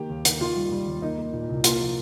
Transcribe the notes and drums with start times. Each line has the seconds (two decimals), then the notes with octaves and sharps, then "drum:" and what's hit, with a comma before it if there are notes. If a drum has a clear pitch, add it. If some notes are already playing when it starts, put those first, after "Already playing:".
Already playing: D#3 A#3 G4
0.10 D#2
0.25 D#3, drum: hi-hat
0.41 D#3 F4
0.56 G3
0.72 G3
0.87 D#2
1.02 A#3 D#4
1.18 A#3
1.33 A#2
1.49 C2
1.64 A#3 F4, drum: hi-hat
1.80 F3